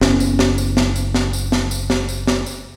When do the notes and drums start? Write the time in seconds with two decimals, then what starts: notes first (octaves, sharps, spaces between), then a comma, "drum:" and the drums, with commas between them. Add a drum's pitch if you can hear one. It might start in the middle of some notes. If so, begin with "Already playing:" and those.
0.01 F#1 B3 C#4, drum: snare
0.20 drum: tambourine
0.39 drum: snare
0.58 drum: tambourine
0.77 drum: snare
0.96 drum: tambourine
1.14 drum: snare
1.33 drum: tambourine
1.52 drum: snare
1.71 drum: tambourine
1.90 drum: snare
2.09 drum: tambourine
2.27 drum: snare
2.46 drum: tambourine